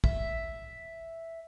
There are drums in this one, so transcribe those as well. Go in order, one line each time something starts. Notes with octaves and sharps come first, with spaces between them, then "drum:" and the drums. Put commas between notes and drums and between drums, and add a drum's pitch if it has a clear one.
E5, drum: kick